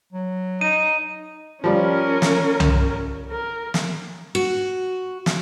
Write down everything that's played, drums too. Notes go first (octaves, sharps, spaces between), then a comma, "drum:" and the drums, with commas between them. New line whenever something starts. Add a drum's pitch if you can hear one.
F#3
D#4 D#7
F3 G3 C#4 A#4
drum: snare
drum: tom C2
A#4
drum: snare
F#4
drum: snare